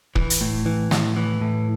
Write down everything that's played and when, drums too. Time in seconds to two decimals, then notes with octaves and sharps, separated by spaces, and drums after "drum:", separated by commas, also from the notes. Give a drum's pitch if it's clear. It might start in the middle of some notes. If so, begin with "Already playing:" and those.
0.15 E3, drum: kick
0.30 drum: hi-hat
0.41 A2
0.66 E3
0.91 A2, drum: snare
1.17 E3
1.41 A2